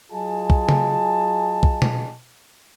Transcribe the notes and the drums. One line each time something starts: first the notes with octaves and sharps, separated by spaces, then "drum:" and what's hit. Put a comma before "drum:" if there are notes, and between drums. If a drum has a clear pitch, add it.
F#3 F4 G#4 D#5 G#5 A5
drum: kick
drum: tom C#3
drum: kick
drum: tom B2